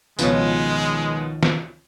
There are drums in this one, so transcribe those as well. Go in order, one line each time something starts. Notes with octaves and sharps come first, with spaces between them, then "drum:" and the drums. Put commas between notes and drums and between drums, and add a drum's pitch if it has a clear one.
C#2 B2 D#3 F3 G#3 B3 C#5 F5, drum: tambourine
drum: snare